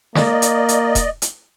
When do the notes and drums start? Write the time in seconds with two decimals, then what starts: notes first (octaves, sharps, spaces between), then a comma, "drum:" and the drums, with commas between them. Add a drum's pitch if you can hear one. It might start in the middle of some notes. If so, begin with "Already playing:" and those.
0.15 A#3 D5 D#5, drum: snare
0.42 drum: hi-hat
0.69 drum: hi-hat
0.95 drum: kick E1, hi-hat
1.22 drum: hi-hat